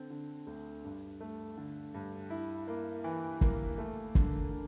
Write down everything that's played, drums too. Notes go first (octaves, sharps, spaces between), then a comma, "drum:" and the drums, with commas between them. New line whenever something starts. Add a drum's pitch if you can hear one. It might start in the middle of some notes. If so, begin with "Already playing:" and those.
Already playing: D3 C4
D3
D2
G2
A3
D3
G2
E4
A#3
E3
A#3, drum: kick
A3
D3, drum: kick
D3